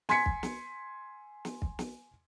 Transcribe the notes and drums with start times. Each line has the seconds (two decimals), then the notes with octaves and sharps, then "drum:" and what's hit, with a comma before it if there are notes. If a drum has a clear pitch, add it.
0.09 G#5 C6 G#6 B6 C#7, drum: snare
0.26 drum: kick
0.43 drum: snare
1.45 drum: snare
1.62 drum: kick
1.79 drum: snare